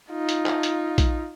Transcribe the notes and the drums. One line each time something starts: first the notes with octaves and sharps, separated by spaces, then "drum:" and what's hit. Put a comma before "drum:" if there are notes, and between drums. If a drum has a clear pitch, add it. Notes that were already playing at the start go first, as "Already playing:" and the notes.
D#4 F4
drum: hi-hat
drum: clap
drum: hi-hat
drum: kick, hi-hat